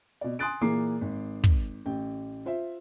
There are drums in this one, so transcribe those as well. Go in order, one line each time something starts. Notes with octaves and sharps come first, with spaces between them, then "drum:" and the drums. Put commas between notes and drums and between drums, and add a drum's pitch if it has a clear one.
B2 D5
G#5 C6 D#6 F#6 A6 D7
A#2 E3 A#3 G#4 D6 C7
G#1
drum: kick
A1 G5
F4 C5 E5